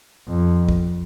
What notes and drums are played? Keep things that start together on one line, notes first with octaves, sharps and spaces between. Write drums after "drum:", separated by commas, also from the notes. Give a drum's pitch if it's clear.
F2
drum: kick